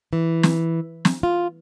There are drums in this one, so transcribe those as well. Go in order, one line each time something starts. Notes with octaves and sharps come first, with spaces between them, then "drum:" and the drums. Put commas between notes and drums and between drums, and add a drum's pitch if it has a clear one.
E3
drum: snare
drum: snare
F4